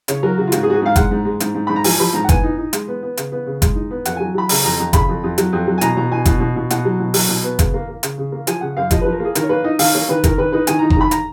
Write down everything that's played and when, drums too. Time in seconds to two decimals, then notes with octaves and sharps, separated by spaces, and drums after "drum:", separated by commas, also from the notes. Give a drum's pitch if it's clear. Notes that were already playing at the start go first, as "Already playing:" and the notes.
0.08 C#3 C#5, drum: hi-hat
0.23 F#3 A#4
0.38 C#3 F#4
0.47 F4
0.52 G#2 F#4, drum: hi-hat
0.63 G#4
0.66 G#2 F#4
0.74 G#4
0.82 G#2 F5
0.96 G#3 F#5, drum: kick F#1, hi-hat
1.11 G#2
1.25 G#3
1.40 G#2, drum: hi-hat
1.54 G#2
1.67 G#2 B5
1.76 A#5
1.84 F3 G#5, drum: open hi-hat
2.00 F3 B5
2.14 G#2 A#5
2.24 F#5
2.29 B3 G#5, drum: kick F#1, hi-hat
2.43 D#4
2.58 D#4
2.73 G#3, drum: hi-hat
2.88 B3
3.03 B3
3.17 C#3, drum: hi-hat
3.32 B3
3.46 C#3
3.62 G#3, drum: kick F#1, hi-hat
3.75 D#4
3.91 B3
4.05 F2 F#5, drum: hi-hat
4.16 G#5
4.20 F#3
4.34 F#3 B5
4.49 C#3 A#5, drum: open hi-hat
4.64 F2 A#5
4.79 F2 A#5
4.93 C#3 B5, drum: kick F#1, hi-hat
5.09 F2
5.23 F2
5.38 F#3, drum: hi-hat
5.53 F2
5.67 F#3
5.78 G#5
5.81 B2 A#5, drum: hi-hat
5.97 B2 A#5
6.11 B2 G#5
6.25 B2, drum: kick F#1, hi-hat
6.40 B2
6.56 B2
6.70 B2 F#5, drum: hi-hat
6.85 F#3
7.00 B2
7.14 F#3, drum: open hi-hat
7.29 B2
7.43 B3
7.59 C#3, drum: kick F#1, hi-hat
7.74 A#3
7.88 A#3
8.03 C#3, drum: hi-hat
8.18 C#3
8.32 A#3
8.47 F3 G#5, drum: hi-hat
8.61 C#3 F#5
8.77 F#2 F5
8.91 F3 D#5, drum: kick F#1, hi-hat
9.01 B4
9.05 F3
9.12 A#4
9.20 A#3 G#4
9.35 D#3 A#4, drum: hi-hat
9.43 C#5
9.49 A#3 B4
9.64 D#4 D#5
9.79 D#3 F5, drum: open hi-hat
9.94 A#3 C#5
10.09 D#3 B4
10.24 D#3 A#4, drum: kick F#1, hi-hat
10.38 D#3 B4
10.52 D#4 B4
10.67 D#3 G#5, drum: hi-hat
10.79 A#5
10.82 D#4
10.90 A#5, drum: kick F#1
10.97 D#3 B5
11.11 A#5, drum: hi-hat